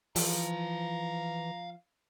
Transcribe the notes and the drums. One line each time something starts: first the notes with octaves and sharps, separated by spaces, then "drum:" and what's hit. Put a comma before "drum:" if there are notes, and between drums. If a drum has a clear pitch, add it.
E3 F3 F5 A5 A#5, drum: open hi-hat